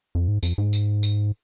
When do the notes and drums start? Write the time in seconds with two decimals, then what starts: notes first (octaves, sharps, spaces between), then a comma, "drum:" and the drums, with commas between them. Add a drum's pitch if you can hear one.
0.15 F2
0.28 G#2
0.43 F2, drum: tambourine
0.58 G#2
0.73 drum: tambourine
1.03 drum: tambourine